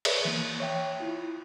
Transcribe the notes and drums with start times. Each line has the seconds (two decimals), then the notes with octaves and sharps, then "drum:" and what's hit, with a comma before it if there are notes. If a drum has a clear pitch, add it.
0.05 G#4 A#4 B4 C#5 D5 E5, drum: cymbal
0.25 E3 A#3
0.60 C#5 E5 G5
1.00 E4 F4